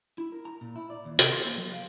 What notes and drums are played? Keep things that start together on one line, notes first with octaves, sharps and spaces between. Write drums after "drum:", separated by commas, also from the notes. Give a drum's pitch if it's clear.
E4
A#4
A#5
A#2
E4
D5
D#2
C3, drum: hi-hat
C6
A#3
F#3
F5